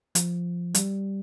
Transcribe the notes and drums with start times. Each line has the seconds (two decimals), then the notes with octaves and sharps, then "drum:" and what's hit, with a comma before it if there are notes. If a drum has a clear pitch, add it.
0.15 F3, drum: hi-hat
0.75 G3, drum: hi-hat